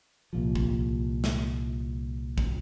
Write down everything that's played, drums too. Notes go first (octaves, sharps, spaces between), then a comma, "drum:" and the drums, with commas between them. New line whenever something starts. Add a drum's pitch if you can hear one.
C2 A#2 F3
drum: kick
drum: snare
drum: kick